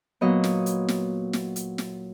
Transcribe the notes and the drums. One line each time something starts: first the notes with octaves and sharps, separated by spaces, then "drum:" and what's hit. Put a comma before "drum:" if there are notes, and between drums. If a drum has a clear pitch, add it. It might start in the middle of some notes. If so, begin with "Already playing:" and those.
A#2 F#3 B3 D#5
drum: snare
drum: hi-hat
drum: snare
drum: snare
drum: hi-hat
drum: snare